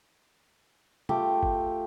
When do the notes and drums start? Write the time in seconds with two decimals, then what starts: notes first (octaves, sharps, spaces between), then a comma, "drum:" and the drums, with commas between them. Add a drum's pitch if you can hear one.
1.09 A3 F4 G4 D6, drum: tom
1.43 drum: kick G1